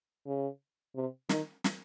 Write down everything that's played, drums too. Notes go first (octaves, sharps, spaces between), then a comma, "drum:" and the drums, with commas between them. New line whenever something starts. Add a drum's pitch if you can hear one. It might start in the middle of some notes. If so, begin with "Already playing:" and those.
C#3
C3
D#3, drum: snare
drum: snare